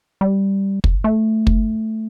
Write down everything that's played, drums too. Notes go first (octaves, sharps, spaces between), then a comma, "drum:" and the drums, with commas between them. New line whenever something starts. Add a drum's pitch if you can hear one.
G3
drum: kick
A3
drum: kick